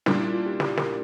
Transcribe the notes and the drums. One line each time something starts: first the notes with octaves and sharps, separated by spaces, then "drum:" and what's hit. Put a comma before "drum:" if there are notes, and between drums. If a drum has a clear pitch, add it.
A#2 G3 C#4 D4, drum: snare
E4
F4
G4
G4, drum: snare
A#4, drum: snare